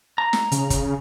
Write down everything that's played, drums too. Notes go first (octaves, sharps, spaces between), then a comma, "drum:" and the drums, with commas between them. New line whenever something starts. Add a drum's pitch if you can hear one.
A#5
drum: snare
C#3, drum: hi-hat
drum: kick, hi-hat